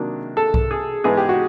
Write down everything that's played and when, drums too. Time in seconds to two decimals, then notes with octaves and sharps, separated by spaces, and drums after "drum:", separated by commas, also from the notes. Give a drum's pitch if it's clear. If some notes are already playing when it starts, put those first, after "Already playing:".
Already playing: C3 D#3 F#3 A#3 D4
0.37 A4
0.54 drum: kick B1
0.71 G#4
1.04 G#2 E3 G#3 B3 G#4
1.17 G4
1.29 F#4